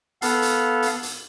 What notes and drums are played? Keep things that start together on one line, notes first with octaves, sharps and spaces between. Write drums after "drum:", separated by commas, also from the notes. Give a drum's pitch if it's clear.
B3 A4 F5, drum: hi-hat
drum: hi-hat
drum: hi-hat
drum: hi-hat